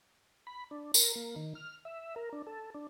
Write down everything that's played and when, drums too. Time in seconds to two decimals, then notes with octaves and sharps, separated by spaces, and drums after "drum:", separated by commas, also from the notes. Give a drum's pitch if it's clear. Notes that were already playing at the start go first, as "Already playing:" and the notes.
0.47 B5
0.71 D4
0.94 A#4, drum: tambourine
1.15 A#3
1.36 D#3
1.55 F6
1.85 E5
2.16 A#4
2.33 D4
2.47 A4
2.74 D4